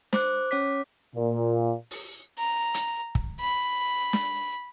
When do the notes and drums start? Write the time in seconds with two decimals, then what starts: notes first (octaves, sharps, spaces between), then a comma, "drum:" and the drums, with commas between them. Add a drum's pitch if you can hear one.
0.13 C5 D6 F#6, drum: snare
0.51 C#4 C#5 D6 B6
1.14 A#2
1.91 drum: open hi-hat
2.38 A#5
2.74 drum: hi-hat
3.15 drum: kick
3.40 B5
4.13 drum: snare